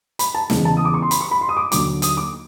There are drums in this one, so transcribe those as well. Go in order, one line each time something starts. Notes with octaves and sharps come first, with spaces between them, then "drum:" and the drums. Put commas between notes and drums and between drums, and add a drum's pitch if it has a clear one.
B5, drum: hi-hat
A5
E2 C#3 E3 G#3, drum: snare
A5
D#6
D6
C#6
C6
B5, drum: hi-hat
C#6
B5
C6
D#6
D6
D#2 D3 F#3 D6, drum: hi-hat
D#6, drum: hi-hat
D6